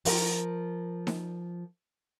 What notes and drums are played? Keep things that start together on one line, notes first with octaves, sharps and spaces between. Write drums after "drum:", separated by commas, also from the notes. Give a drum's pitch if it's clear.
F3 A#4, drum: open hi-hat
drum: snare D#4